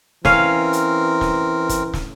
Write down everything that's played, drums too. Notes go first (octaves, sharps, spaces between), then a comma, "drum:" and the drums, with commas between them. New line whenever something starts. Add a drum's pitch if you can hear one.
E3 C4 C#4 A#4 F5, drum: snare
drum: hi-hat
drum: snare
drum: kick, hi-hat
drum: snare